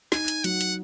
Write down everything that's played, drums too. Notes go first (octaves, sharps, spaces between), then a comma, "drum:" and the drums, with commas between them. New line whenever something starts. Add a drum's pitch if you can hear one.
D#4 G#5, drum: snare
drum: hi-hat
F#3 F#5, drum: hi-hat
drum: hi-hat